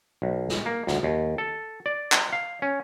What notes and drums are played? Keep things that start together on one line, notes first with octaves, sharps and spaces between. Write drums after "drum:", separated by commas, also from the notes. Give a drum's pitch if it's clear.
B1
drum: snare
A#3
D2, drum: snare
D#2
A4
D5
drum: clap
F5
C#4